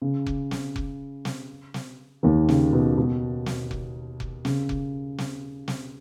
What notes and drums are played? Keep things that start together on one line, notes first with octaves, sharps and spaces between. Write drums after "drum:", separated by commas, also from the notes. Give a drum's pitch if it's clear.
C#3
drum: kick F1
drum: snare
drum: kick F1
drum: snare
drum: snare
D#2 D#3
C#3, drum: snare
B2
B2
drum: snare
drum: kick F1
drum: kick F1
C#3, drum: snare
drum: kick F1
drum: snare
drum: snare